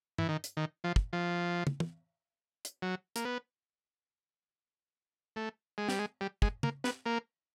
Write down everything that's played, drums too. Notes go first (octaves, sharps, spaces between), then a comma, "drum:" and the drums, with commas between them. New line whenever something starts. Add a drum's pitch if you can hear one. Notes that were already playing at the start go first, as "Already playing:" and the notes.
E3, drum: tom
D#3
drum: hi-hat
D#3
F3
drum: kick
F3
drum: tom
drum: tom
drum: hi-hat
F#3
A#3, drum: hi-hat
B3
A3
G#3
G3, drum: snare
G#3
G3
G#3, drum: kick
A#3, drum: tom
B3, drum: snare
A#3